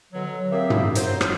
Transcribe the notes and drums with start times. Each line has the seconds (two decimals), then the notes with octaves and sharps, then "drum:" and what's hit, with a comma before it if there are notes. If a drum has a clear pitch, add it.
0.13 B2 D3 F#3
0.52 A#3 C4 G4 G#4 E5
0.70 drum: tom
0.95 F#3 D#4 C5, drum: hi-hat
1.21 drum: rim click